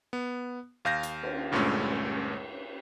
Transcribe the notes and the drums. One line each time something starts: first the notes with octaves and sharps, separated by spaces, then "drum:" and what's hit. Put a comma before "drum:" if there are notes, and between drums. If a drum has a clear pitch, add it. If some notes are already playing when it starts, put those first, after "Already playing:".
B3
D#2 F5 G6 A#6
drum: hi-hat
drum: cymbal
D2 G2 A#2 G#3 A3 C#4